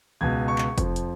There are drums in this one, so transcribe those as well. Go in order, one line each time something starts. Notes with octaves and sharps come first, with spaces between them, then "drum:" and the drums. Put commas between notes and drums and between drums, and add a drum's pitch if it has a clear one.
C#2 B2 G#6
C#6
drum: clap
F2 F3, drum: kick, hi-hat
drum: hi-hat